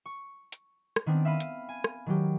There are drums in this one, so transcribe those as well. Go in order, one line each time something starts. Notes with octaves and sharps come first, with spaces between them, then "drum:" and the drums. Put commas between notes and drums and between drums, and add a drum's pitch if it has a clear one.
C#6
drum: hi-hat
drum: rim click
D#3 B3 C4 D4
E5 F5 B5 D#7
drum: hi-hat
G#5
drum: rim click
D#3 F#3 G4